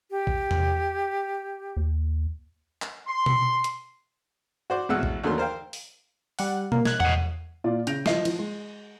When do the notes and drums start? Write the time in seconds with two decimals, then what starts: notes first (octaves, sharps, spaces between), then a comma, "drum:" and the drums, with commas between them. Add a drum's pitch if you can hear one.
0.11 G4
0.27 drum: kick
0.51 drum: tom E2
1.77 D#2
2.82 drum: clap
3.07 C6
3.26 drum: tom B2
3.64 drum: hi-hat
4.70 F#4 C5 D5
4.89 A1 B2 G#3 F#5 E6
5.03 drum: kick
5.24 D#2 D3 F#3 A3 A#4 C6
5.38 A#4 C5 F5 G5
5.73 drum: open hi-hat
6.39 G3 F#5, drum: open hi-hat
6.72 A#3, drum: tom B2
6.85 F#6 G#6, drum: snare
7.00 D#5 F#5, drum: tom E2
7.64 A#2 F4 D5
7.87 C#3 G6 A#6 D7 F7, drum: hi-hat
8.06 F3 D#5 C7, drum: snare
8.25 F3, drum: cymbal
8.39 G#3